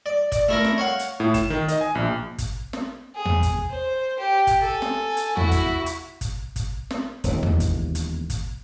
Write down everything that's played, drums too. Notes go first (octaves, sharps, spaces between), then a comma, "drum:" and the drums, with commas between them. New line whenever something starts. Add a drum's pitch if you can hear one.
D5
D5, drum: kick, hi-hat
A3 E4 A#4
drum: snare
C#5 F5 F#5
drum: hi-hat
A2
E7, drum: kick, hi-hat
D#3
D#5, drum: hi-hat
G#5
A#1
drum: kick, hi-hat
drum: snare
G#4
drum: tom E2
drum: kick, hi-hat
C5
G4
drum: kick, hi-hat
A4 G#5
drum: snare
drum: hi-hat
E4 F#4, drum: tom E2
drum: kick, hi-hat
drum: hi-hat
drum: kick, hi-hat
drum: kick, hi-hat
drum: snare
E1 D#2 E3, drum: hi-hat
drum: tom E2
drum: kick, hi-hat
drum: hi-hat
drum: kick, hi-hat